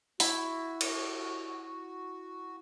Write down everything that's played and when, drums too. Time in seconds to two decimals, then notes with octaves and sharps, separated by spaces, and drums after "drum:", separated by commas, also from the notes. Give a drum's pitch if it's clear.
0.20 E4 F#4, drum: open hi-hat
0.81 drum: cymbal